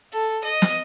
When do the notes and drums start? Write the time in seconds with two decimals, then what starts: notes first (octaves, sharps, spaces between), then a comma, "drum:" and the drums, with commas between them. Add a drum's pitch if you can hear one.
0.13 A4
0.44 D#5
0.62 drum: snare